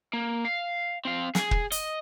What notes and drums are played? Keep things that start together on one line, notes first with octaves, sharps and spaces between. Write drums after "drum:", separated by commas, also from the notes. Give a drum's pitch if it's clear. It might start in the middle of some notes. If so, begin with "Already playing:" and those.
A#3
F5
C4 F5
G#4, drum: snare
drum: kick
D#5, drum: hi-hat